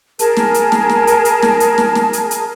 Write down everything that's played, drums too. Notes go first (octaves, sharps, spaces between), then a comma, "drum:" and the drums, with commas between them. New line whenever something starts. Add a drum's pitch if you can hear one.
G#4 A#4 A5, drum: hi-hat
drum: snare
drum: hi-hat
drum: snare
drum: snare
drum: hi-hat
drum: hi-hat
drum: snare
drum: hi-hat
drum: snare
drum: snare
drum: hi-hat
drum: hi-hat